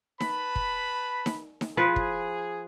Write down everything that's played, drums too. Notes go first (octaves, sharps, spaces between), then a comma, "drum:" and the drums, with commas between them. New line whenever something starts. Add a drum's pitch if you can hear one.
B4 A5 B5, drum: snare D#4
drum: kick
drum: snare D#4
drum: snare D#4
F3 G#4 B4
drum: kick